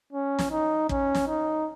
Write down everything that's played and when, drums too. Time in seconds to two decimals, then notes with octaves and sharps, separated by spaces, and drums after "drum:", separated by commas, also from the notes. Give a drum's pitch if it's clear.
0.13 C#4
0.39 drum: snare
0.51 D#4
0.89 C#4, drum: kick
1.15 drum: snare
1.27 D#4